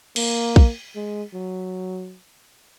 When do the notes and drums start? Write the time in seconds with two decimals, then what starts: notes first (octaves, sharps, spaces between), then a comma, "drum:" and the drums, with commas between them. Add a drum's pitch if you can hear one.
0.16 A#3, drum: cymbal
0.56 drum: kick A#1
0.95 G#3
1.34 F#3